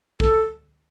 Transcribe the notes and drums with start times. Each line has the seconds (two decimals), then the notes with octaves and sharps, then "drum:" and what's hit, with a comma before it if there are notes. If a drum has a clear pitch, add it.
0.20 A4, drum: kick